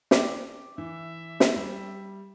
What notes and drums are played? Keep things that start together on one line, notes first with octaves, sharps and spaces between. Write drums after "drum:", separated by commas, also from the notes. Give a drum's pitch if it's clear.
D5 G5 D6, drum: snare
E3 E5
drum: snare
G3